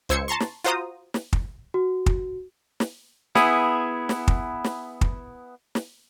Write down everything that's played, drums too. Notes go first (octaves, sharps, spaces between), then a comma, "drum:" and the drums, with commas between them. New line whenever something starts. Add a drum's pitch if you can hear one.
C#2 C5 E6 G#6 C#7
A5 A#5 C6 C#6
drum: snare
F4 F#4 C5 A#5 D#6
drum: snare
drum: kick
F#4
drum: kick
drum: snare
B3 E4 G#4, drum: snare
drum: snare
drum: kick
drum: snare
drum: kick
drum: snare